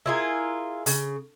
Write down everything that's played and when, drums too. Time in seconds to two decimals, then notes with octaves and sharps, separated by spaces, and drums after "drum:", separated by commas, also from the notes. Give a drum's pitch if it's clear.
0.06 E4 F4 G#4 A#4
0.86 C#3, drum: open hi-hat